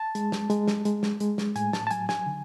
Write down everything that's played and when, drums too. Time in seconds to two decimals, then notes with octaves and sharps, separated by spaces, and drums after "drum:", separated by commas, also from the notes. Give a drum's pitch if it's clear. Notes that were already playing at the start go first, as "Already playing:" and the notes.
Already playing: A5
0.15 G#3, drum: hi-hat
0.32 drum: snare
0.50 G#3, drum: hi-hat
0.68 drum: snare
0.85 G#3, drum: hi-hat
1.03 drum: snare
1.20 G#3, drum: hi-hat
1.38 drum: snare
1.56 A2 G#5, drum: hi-hat
1.73 A5, drum: snare
1.87 A5
1.91 F#3 G#5, drum: hi-hat
2.09 G#5, drum: snare
2.26 D3